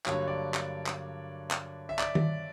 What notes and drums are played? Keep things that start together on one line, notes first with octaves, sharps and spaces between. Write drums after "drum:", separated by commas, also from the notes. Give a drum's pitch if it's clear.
G2 D3 F#3 A#3 C#5, drum: clap
D5
drum: clap
drum: clap
drum: clap
E5
D5, drum: clap
drum: tom D#3